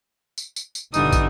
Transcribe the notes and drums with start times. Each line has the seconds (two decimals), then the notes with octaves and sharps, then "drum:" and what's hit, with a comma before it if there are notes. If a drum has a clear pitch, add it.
0.38 drum: tambourine
0.56 drum: tambourine
0.75 drum: tambourine
0.94 G1 G2 B2 D3 E3 D4 D#4 D#6, drum: tambourine
1.12 drum: kick, tambourine